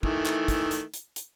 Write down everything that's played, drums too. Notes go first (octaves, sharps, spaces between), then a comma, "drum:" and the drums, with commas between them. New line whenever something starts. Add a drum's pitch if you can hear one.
D#3 E3 A3, drum: kick
drum: clap
drum: kick, hi-hat
drum: hi-hat
drum: hi-hat
drum: hi-hat